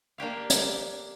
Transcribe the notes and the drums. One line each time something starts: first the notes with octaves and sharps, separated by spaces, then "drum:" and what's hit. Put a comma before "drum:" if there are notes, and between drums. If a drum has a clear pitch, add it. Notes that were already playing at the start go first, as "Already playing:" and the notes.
A#3 D4 G4 F5
drum: hi-hat